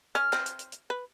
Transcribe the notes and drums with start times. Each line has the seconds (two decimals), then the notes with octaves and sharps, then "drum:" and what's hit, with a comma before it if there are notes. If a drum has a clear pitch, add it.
0.15 C#4 F6
0.33 C4, drum: clap
0.46 drum: hi-hat
0.59 drum: hi-hat
0.72 drum: hi-hat
0.90 B4